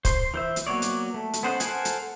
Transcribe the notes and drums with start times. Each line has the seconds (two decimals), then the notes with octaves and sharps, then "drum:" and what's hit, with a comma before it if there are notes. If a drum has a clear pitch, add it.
0.05 C5 C6, drum: kick, hi-hat
0.34 E3 C5 E5
0.56 drum: hi-hat
0.67 F#3 A#3 B3 C#5 D5
0.82 drum: hi-hat
1.14 A3
1.33 drum: hi-hat
1.43 B3 C#4 C5 D#5 F#5
1.60 A4 A#4 C5 F#5 G#5, drum: hi-hat
1.85 drum: hi-hat